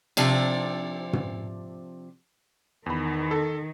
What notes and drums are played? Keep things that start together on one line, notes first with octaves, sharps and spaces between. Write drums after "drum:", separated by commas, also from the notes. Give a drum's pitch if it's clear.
C3 F3 C4 D4, drum: cymbal
drum: tom
E2 D#3 B5
A4